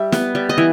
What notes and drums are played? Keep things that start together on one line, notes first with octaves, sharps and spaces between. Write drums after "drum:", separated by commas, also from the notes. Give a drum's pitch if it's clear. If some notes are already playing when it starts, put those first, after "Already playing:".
Already playing: G3 E5
B3, drum: snare
G3
D#5
E3